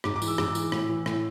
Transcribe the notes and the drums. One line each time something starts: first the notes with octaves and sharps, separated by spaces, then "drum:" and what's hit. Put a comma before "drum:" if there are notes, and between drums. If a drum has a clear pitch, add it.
G#2 D6, drum: rim click
D6
E3, drum: tambourine
E6
G#2 D6, drum: rim click
E3, drum: tambourine
A2, drum: rim click
E3
A2, drum: rim click